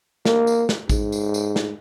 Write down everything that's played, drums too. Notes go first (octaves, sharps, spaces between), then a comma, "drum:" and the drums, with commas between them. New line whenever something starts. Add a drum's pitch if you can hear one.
A#3, drum: snare
drum: tambourine
drum: snare
G#2, drum: kick A1, tambourine
drum: tambourine
drum: tambourine
drum: snare